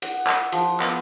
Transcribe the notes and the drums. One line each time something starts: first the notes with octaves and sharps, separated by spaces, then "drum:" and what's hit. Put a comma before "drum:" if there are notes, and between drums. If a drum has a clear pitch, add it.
F#5, drum: cymbal
drum: clap
F3, drum: cymbal
B3, drum: clap